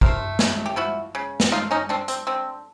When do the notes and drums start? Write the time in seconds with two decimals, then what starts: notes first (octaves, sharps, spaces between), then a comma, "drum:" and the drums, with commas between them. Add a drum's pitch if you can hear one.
0.01 A3 A#4 C5, drum: kick
0.39 C#3, drum: snare
0.66 G4
0.76 F3 E4 F#4
1.15 C#3
1.40 drum: snare
1.52 D3 D#4 F4
1.71 C#4 D#4
1.89 D3 C4 D4
2.08 C4, drum: hi-hat
2.27 D3 C4